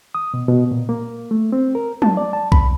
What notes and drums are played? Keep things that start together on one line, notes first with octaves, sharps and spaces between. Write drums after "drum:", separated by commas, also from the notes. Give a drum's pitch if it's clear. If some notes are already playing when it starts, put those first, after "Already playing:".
D#6
B2
B2
A#2
A#3
A3
C4
A#4
A5, drum: tom
D5
A5
B5, drum: kick B1